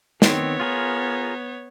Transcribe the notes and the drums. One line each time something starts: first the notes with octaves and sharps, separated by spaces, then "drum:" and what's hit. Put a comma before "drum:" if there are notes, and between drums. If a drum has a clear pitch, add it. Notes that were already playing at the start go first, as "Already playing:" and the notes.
D#3 B3 C4 C#5, drum: snare
F4 G#4 A#4